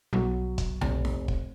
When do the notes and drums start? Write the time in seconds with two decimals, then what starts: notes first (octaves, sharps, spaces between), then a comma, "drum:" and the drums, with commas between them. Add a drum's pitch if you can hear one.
0.13 B1 F#3
0.58 drum: kick, hi-hat
0.81 F1, drum: tom B1
1.05 drum: snare D#4
1.28 drum: kick